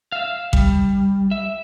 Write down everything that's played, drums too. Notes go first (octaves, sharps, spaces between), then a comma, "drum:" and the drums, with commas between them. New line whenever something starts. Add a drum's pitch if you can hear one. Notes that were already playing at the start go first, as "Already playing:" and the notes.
E5 F5
G3, drum: kick A1
E5